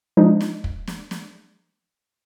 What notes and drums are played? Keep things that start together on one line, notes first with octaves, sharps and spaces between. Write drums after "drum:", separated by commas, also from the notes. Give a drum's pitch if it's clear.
F3 G#3 D4 D#4
drum: snare
drum: kick
drum: snare
drum: snare